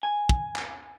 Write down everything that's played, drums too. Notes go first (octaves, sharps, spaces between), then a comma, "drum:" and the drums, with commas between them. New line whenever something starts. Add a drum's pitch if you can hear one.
G#5
drum: kick
drum: clap